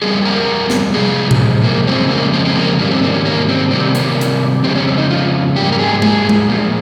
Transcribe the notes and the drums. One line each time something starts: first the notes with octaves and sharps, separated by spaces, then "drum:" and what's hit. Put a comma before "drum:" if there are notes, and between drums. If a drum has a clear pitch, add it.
F2 C3 G3 A#3 G#4
A#4
drum: snare
C3 F3 G#3 G#4
drum: tom A2
A#3
F2 C#3 F3 G#3 C4
A#3
C4
C4
A#3
G#2 D#3 G3 A#3
C4
A#3
C#4
A#3
C4
C3 D#3 G3 A#3 C4
A#3, drum: hi-hat
drum: hi-hat
F2 C#3 F3 G#3 C4
C#4
C4
D#4
F4
G#2 G3 A#3 G4
A#4
G#4
G#4, drum: tom G#3
drum: tom G#3
A#2 F3 A#3